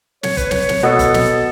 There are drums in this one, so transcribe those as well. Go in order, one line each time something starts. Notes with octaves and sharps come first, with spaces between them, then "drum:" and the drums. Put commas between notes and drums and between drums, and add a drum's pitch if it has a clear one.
C#5, drum: snare
B4, drum: kick G1, hi-hat
C#5, drum: snare
drum: snare
B2 B3 A4
drum: kick G1, hi-hat
drum: snare